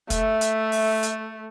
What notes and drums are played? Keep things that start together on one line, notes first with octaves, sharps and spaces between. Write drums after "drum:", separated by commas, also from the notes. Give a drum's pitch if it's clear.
A3 E5, drum: kick, hi-hat
drum: hi-hat
drum: open hi-hat
drum: hi-hat